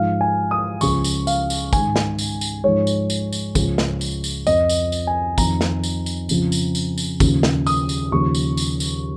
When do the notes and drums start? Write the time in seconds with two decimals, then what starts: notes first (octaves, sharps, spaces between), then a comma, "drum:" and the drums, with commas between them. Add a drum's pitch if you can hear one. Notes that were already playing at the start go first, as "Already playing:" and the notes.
Already playing: G#2 F3 F5
0.21 G#5
0.51 D#6
0.81 C#2 C#3 F3 C#6, drum: tambourine
1.04 drum: tambourine
1.27 F5, drum: tambourine
1.50 drum: tambourine
1.73 G#2 D#3 G#5, drum: kick, tambourine
1.96 drum: snare
2.18 drum: tambourine
2.41 drum: tambourine
2.64 G#2 F3 C#5
2.87 drum: tambourine
3.10 drum: tambourine
3.33 drum: tambourine
3.55 C#2 C#3 F3, drum: kick, tambourine
3.78 drum: snare
4.01 drum: tambourine
4.24 drum: tambourine
4.47 F2 F3 D#5, drum: tambourine
4.69 drum: tambourine
4.92 drum: tambourine
5.07 G#5
5.38 F2 D#3 A#5, drum: kick, tambourine
5.61 drum: snare
5.84 drum: tambourine
6.06 drum: tambourine
6.29 F2 C#3 F3, drum: tambourine
6.52 drum: tambourine
6.75 drum: tambourine
6.98 drum: tambourine
7.20 D#2 C#3 F3, drum: kick, tambourine
7.43 drum: snare
7.67 D#6, drum: tambourine
7.89 drum: tambourine
8.12 D#2 C#3 F3 C#6
8.35 drum: tambourine
8.57 drum: tambourine
8.80 drum: tambourine